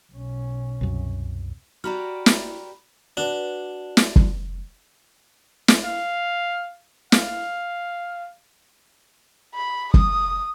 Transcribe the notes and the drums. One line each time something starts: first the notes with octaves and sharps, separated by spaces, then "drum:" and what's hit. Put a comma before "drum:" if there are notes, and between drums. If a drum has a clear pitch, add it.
B1 C#4
C2 F#2
F#4 G4 D5 A#5 B5 F6
drum: snare
D4 F#4 B4
drum: snare
drum: kick
drum: snare
F5
F5, drum: snare
B5
D#6, drum: kick